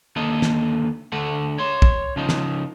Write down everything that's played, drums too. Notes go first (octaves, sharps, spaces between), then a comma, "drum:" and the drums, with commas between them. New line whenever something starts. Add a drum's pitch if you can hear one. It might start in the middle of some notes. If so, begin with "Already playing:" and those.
D#2 D3 A#3 A4 D#5
drum: snare
D2 D3 A3 F#5
C#5 C6
drum: kick
C#3 F3 D#4
drum: snare